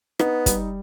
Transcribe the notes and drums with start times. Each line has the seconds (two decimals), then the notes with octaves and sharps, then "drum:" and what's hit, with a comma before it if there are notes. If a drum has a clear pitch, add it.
0.19 B3 D#4, drum: rim click
0.46 G3, drum: kick, hi-hat